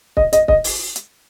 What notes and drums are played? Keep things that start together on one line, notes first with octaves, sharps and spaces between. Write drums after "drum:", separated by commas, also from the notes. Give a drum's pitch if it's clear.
D#5, drum: kick
D#5, drum: hi-hat
D#5, drum: kick
drum: open hi-hat
drum: hi-hat